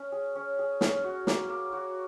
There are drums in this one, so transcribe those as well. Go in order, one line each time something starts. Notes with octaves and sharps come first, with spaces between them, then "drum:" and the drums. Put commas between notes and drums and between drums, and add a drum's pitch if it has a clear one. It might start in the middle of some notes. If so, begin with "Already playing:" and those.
Already playing: C#4
G#4
C#4
G#4
C#4, drum: snare
F#4
A#3, drum: snare
A#3
F#4